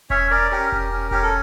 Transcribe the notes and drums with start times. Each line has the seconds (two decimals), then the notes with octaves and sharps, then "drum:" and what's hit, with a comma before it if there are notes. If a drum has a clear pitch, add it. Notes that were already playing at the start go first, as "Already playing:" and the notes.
0.10 C#4 C#5 E5, drum: kick E1
0.30 C#4 A#4 D5
0.51 C#4 G4 A#4
0.72 C#4, drum: kick E1
0.92 C#4
1.11 C#4 G4, drum: kick E1
1.23 A4